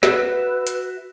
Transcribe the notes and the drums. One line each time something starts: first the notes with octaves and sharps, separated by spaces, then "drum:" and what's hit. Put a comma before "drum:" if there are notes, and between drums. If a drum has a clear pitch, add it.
F#4 B4 E5, drum: snare
drum: hi-hat